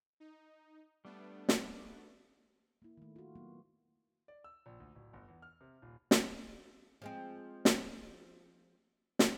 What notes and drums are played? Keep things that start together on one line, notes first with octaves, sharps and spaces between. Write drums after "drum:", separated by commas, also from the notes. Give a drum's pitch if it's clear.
D#4
G3 A3 B3 D4
drum: snare
A#3 E4
D#3 A3
F4 F#4
F#3 A#3 B3
D5
E6
A#1
D2
D1
G1
E2
F6
C3
D#1
drum: snare
F3 G#3 C4
drum: snare
drum: snare